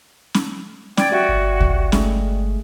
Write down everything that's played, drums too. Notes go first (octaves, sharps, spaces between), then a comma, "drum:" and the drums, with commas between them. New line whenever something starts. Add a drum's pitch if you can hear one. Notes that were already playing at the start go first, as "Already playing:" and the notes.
drum: snare C#4
D5 G5 D6 G#6 A6, drum: snare C#4
F#4 G4 D5 E5 G5
G1
drum: kick C#2
G#3 A3 G#4, drum: snare C#4